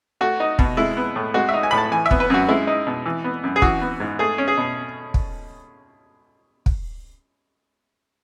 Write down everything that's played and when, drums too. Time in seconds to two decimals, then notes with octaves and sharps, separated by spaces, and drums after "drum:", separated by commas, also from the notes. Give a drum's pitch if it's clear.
0.21 A3 F#4
0.40 D#4
0.59 B2, drum: kick
0.77 G#3 E4
0.97 B3
1.16 A2
1.34 G#3 F#4
1.49 D#4 E5
1.63 G#5
1.71 A2 B5
1.78 A5
1.91 E3 G#5
2.06 E5
2.11 B3, drum: kick
2.20 B4
2.30 F#2 F#4
2.49 G#3 E4
2.67 D#4
2.87 B2
3.06 E3
3.24 B3
3.44 F#2
3.56 G#4
3.62 E3 F#4, drum: kick
3.81 B3
4.00 G#2
4.19 A3 G#4
4.38 C#4
4.48 G#4
4.57 B2
5.14 drum: kick
6.66 drum: kick